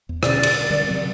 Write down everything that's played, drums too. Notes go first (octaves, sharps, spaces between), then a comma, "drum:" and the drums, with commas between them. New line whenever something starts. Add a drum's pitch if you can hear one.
E2
B2 D3 C#4 D5, drum: rim click
drum: cymbal
D3 G3
C3 F#3 C4